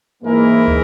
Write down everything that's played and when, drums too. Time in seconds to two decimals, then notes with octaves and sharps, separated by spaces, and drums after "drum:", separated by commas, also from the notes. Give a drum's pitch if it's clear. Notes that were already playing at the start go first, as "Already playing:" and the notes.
0.22 G#2 E3 G#3 A#3 E4 A#4
0.68 drum: kick